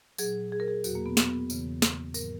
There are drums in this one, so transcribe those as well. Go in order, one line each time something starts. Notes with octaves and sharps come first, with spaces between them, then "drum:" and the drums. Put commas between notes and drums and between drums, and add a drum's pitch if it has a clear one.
A#2 F#3 G#4, drum: tambourine
G#4
A#4
G#4
E2 B2 F#3 F#4, drum: tambourine
A#3
B3
B3, drum: snare
E2 C#3 E3, drum: tambourine
drum: snare
G#2 D#3 F#3 A#4, drum: tambourine